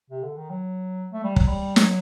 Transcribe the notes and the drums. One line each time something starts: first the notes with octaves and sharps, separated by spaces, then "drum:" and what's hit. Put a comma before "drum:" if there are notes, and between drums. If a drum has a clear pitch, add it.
C3
D3
D#3
F#3
A3
G3
F#3, drum: kick
G3
F#3, drum: snare